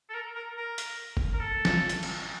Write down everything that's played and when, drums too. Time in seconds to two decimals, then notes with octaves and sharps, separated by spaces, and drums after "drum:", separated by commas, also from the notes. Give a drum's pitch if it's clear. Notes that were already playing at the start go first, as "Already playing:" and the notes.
0.09 A4
0.14 A#4
0.35 A#4
0.57 A#4
0.78 drum: hi-hat
1.17 drum: kick
1.33 A#4
1.40 A4
1.65 drum: snare
1.89 drum: hi-hat
2.03 drum: cymbal